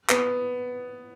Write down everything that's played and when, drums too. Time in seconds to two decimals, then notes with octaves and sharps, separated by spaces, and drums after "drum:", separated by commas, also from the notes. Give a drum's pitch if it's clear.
0.10 B3, drum: clap